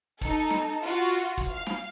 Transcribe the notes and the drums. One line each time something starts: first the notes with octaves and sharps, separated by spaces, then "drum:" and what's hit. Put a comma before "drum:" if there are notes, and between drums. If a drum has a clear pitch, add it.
D#4 A4, drum: kick, hi-hat
drum: snare
F4 F#4
drum: hi-hat
drum: kick, hi-hat
F5
drum: snare